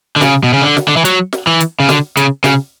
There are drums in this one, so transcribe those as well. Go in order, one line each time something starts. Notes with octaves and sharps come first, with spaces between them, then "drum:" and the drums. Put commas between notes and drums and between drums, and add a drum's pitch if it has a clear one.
D3
C#3, drum: snare
B2
C#3
D3
drum: snare
D3
E3
F#3, drum: hi-hat
drum: snare
E3
drum: hi-hat
C#3
D3, drum: snare
C#3, drum: hi-hat
C#3, drum: snare